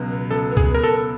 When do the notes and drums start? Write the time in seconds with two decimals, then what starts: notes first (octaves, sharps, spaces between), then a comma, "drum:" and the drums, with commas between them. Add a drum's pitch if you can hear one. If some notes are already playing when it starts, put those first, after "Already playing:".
Already playing: C#2 B2 F#3
0.11 B3
0.30 C#2 A4, drum: tambourine
0.51 B3
0.57 G#4, drum: kick, tambourine
0.71 B3 A#4
0.83 A4, drum: tambourine
0.91 B3